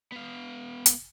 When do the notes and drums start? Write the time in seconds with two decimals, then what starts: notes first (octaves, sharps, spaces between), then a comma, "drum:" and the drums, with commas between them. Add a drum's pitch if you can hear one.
0.12 B3 F5
0.86 drum: hi-hat